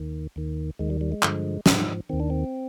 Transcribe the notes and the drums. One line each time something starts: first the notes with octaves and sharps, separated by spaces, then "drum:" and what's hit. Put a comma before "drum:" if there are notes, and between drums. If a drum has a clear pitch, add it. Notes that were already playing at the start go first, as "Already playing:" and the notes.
Already playing: D#2 D#3
D#2 D#3
D#2 D#3 G#3
G3
G3
G#3
G2 D3 F3, drum: clap
G#2 F3, drum: snare
D#2 D#3 C4
D4
C4